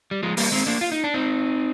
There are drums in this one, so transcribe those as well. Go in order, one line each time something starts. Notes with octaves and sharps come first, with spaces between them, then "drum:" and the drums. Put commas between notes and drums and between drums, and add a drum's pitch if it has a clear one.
G3
F3 G#3
G3 A#3, drum: open hi-hat
G#3 C4
A#3 D4
F4
D#4
D4
C4 D#4